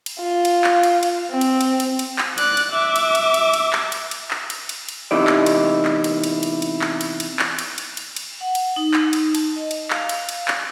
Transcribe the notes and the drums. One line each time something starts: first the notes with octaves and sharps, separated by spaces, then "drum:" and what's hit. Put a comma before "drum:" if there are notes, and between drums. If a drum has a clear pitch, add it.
drum: cymbal
F4
drum: cymbal
drum: clap
drum: cymbal
drum: cymbal
C4
drum: cymbal
drum: cymbal
drum: cymbal
drum: cymbal
drum: clap
D5 F#6, drum: cymbal
drum: cymbal
E5 D6
drum: cymbal
drum: cymbal
drum: cymbal
drum: cymbal
drum: clap
drum: cymbal
drum: cymbal
drum: clap
drum: cymbal
drum: cymbal
drum: cymbal
E2 C3 D#4 E4 G4 D5
drum: clap
drum: cymbal
drum: clap
drum: cymbal
drum: cymbal
drum: cymbal
drum: cymbal
drum: clap
drum: cymbal
drum: cymbal
drum: clap
drum: cymbal
drum: cymbal
drum: cymbal
drum: cymbal
F#5
drum: cymbal
D#4
drum: clap
drum: cymbal
A5, drum: cymbal
D#5
drum: cymbal
F5, drum: clap
drum: cymbal
drum: cymbal
drum: clap